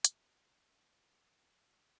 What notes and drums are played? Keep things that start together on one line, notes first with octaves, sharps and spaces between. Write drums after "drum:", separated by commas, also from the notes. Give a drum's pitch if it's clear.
G3 B3 G#4 E5 F5, drum: hi-hat
A2 C3 F3 D4 A#4 F#5
B5
A#3 F4
F2 E4 F#5 E6 F6 G6